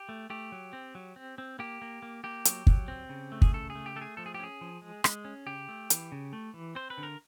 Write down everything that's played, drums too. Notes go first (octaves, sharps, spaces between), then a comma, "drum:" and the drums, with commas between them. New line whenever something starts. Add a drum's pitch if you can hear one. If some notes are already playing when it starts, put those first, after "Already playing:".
Already playing: G4
A3
A3 G4
F#3
C4
F#3
C4
C4
A#3 G4
A#3
A#3
A#3 G4
F#3, drum: hi-hat
F#3, drum: kick
C4
C#3
A3
G#4, drum: kick
C#3 A4
G#4
A3
G4
A3 A4
G#4
F3 A4
G#4
G4
C#4 G#4
F3
G#3
G#3, drum: rim click
C#4
C#3 G4
A3
E3, drum: hi-hat
C#3
A3
E3
C4 C5
B4
D3
A#4